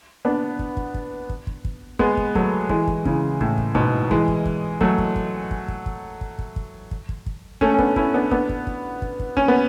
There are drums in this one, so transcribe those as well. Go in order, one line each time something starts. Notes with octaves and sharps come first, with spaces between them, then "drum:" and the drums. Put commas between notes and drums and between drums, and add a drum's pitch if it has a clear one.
B3 D4
drum: kick
drum: kick
drum: kick
drum: kick
drum: kick
drum: kick
G#3 B3, drum: kick
drum: kick
F#3 A3, drum: kick
E3 G#3, drum: kick
drum: kick
C#3 E3, drum: kick
A2, drum: kick
drum: kick
G#2 B2, drum: kick
E3 G#3, drum: kick
drum: kick
drum: kick
F#3 A3, drum: kick
drum: kick
drum: kick
drum: kick
drum: kick
drum: kick
drum: kick
drum: kick
drum: kick
drum: kick
drum: kick
drum: kick
A3 C#4, drum: kick
C#4
B3 D4, drum: kick
C#4 E4, drum: kick
B3 D4
B3 D4, drum: kick
drum: kick
drum: kick
drum: kick
drum: kick
C#4, drum: kick
B3